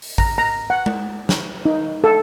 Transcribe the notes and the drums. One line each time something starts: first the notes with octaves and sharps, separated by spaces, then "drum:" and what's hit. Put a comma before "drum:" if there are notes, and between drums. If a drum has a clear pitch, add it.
drum: open hi-hat
A#5, drum: kick
A#5
F#5
drum: tom G#3
drum: snare
D#4
A4